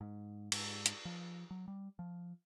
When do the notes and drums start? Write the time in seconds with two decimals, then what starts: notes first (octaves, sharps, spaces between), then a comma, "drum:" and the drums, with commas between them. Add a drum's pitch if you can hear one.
0.01 G#2
0.52 G#2, drum: cymbal
0.86 drum: hi-hat
1.05 F3
1.51 F#3
1.68 G3
1.99 F3